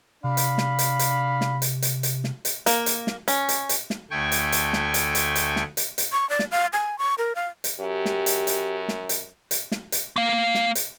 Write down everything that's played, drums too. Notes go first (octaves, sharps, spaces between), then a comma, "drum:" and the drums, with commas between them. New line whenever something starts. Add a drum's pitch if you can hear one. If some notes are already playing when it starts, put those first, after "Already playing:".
C3 D4 F5 B5
drum: hi-hat
drum: snare
drum: hi-hat
drum: hi-hat
drum: snare
drum: hi-hat
drum: hi-hat
drum: hi-hat
drum: snare
drum: hi-hat
A#3, drum: hi-hat
drum: hi-hat
drum: snare
C#4, drum: hi-hat
drum: hi-hat
drum: hi-hat
drum: snare
D2 A3 G5 G#5 C#6
drum: hi-hat
drum: hi-hat
drum: snare
drum: hi-hat
drum: hi-hat
drum: hi-hat
drum: snare
drum: hi-hat
drum: hi-hat
C#6
D5
drum: snare
F5
G#5
C#6
A#4
F5
drum: hi-hat
F#2 G4
drum: snare
drum: hi-hat
drum: hi-hat
drum: snare
drum: hi-hat
drum: hi-hat
drum: snare
drum: hi-hat
A#3 F5
drum: snare
drum: hi-hat